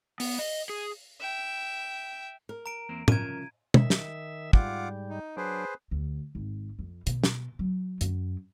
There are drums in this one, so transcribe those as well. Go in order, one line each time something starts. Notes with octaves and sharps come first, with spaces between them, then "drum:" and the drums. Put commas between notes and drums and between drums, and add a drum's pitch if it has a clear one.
B3, drum: open hi-hat
D#5
G#4
E5 G5
A#4
A#5 D7
E2 A#3 C4
C2 C#3 F3 A#4 G#6 D#7, drum: tom
D#3 E5, drum: tom
drum: snare
G#2 G3 F4 F#5 D6, drum: kick
D#4
F#3 D4 G#4 B4 C5
D2
G#1
F2
B2, drum: hi-hat
drum: snare
F#3
F#2, drum: hi-hat